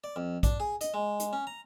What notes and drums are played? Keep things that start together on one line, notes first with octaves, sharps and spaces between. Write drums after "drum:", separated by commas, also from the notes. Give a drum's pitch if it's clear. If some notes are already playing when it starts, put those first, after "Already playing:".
D5
F2
D4, drum: kick, hi-hat
G#4
D#5, drum: hi-hat
G#3
drum: hi-hat
C#4
A#5